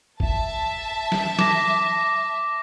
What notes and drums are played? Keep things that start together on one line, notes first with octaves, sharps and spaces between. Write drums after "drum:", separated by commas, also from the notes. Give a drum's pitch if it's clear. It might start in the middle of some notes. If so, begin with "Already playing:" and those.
E5 A5, drum: kick
drum: snare
D6 A#6, drum: snare